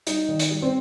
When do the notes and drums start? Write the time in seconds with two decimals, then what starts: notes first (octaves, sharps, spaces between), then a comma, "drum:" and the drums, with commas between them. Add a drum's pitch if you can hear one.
0.07 G3 D#4, drum: hi-hat
0.29 D#3
0.39 drum: hi-hat
0.51 G3
0.62 C4